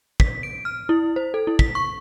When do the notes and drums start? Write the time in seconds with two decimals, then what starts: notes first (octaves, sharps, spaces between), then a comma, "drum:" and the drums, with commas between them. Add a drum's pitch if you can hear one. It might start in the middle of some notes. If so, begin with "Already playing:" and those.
0.20 B6, drum: kick
0.43 D7
0.65 F6
0.89 E4
1.16 C5
1.34 A4
1.47 E4
1.59 B6, drum: kick
1.75 C#6